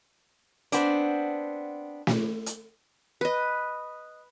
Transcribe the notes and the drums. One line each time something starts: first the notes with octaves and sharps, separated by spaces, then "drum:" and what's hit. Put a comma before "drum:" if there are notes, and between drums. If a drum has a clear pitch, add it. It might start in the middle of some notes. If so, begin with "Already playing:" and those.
B3 C4 D4, drum: hi-hat
drum: snare
drum: hi-hat
B4 D#5